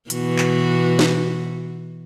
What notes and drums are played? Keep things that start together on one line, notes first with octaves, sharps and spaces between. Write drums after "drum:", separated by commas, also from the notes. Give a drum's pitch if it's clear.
B2 E3 F#4, drum: hi-hat
drum: clap
drum: snare